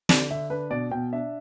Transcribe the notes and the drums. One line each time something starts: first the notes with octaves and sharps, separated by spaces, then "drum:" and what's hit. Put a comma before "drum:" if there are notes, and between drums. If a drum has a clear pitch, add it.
D3 D5, drum: snare
D3 E5
D4 B4
B2 D5
B2 G5
D4 E5